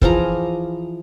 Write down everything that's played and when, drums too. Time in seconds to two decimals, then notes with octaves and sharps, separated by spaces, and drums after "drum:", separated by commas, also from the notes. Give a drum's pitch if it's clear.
0.02 E3 F3 G#4 A#5, drum: kick